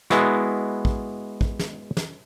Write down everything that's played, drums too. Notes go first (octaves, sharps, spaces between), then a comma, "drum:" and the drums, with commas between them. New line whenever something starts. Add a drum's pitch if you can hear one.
G#3 B3 E4 F#4, drum: snare
drum: kick
drum: kick
drum: snare
drum: snare